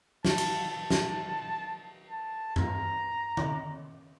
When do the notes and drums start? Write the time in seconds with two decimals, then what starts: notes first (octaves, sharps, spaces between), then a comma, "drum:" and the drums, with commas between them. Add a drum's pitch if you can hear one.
0.25 A5, drum: snare
0.38 drum: cymbal
0.71 A5
0.90 drum: snare
2.09 A5
2.56 A#5, drum: tom G2
3.37 drum: tom D3